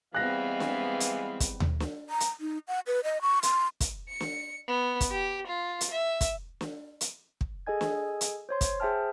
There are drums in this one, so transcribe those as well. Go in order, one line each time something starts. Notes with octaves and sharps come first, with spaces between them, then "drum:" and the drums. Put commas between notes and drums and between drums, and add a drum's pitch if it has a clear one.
E3 G3 G#3 B3 C4 F5 F#6 A#6
drum: snare
drum: hi-hat
drum: kick, hi-hat
drum: tom D#2
drum: snare
A#5
drum: hi-hat
D#4
F#5
B4
D#5
C#6
C6, drum: hi-hat
drum: kick, hi-hat
C#7
drum: snare
B3
drum: kick, hi-hat
G4
F4
drum: hi-hat
E5
drum: kick, hi-hat
drum: snare
drum: hi-hat
drum: kick
G#4 A4 D#5 G#5 G#6
drum: snare
drum: hi-hat
C5 C#5 C6
drum: kick, hi-hat
G#4 C5 E5 G5 A5 F6